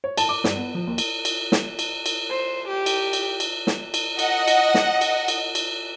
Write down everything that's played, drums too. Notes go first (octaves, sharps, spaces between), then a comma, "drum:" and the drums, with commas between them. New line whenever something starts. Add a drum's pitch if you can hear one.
C#5
A5, drum: cymbal
D6
G2, drum: snare
B3
F3
D#2
drum: cymbal
drum: cymbal
drum: snare
drum: cymbal
drum: cymbal
C5
G4
drum: cymbal
drum: cymbal
drum: cymbal
drum: snare
drum: cymbal
D#5 F#5, drum: cymbal
drum: cymbal
drum: snare
drum: cymbal
drum: cymbal
drum: cymbal